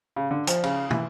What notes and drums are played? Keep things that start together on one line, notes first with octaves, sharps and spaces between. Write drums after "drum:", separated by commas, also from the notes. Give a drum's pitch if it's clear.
C#3
D3
F3, drum: hi-hat
C#3, drum: cymbal
E3, drum: tom